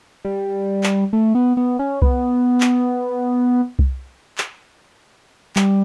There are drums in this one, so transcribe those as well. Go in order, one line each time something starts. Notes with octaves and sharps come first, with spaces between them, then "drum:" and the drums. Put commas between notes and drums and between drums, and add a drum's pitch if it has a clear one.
G3
drum: clap
A3
B3
B3
C#4
B3, drum: kick C2
drum: clap
drum: kick C2
drum: clap
G3, drum: clap